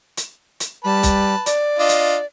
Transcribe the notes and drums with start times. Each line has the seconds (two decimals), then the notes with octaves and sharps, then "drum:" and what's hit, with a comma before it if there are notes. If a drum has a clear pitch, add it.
0.17 drum: hi-hat
0.60 drum: hi-hat
0.85 G3 B4 A5
1.03 drum: kick B1, hi-hat
1.46 D5, drum: hi-hat
1.79 D4 F4 D#5
1.89 drum: hi-hat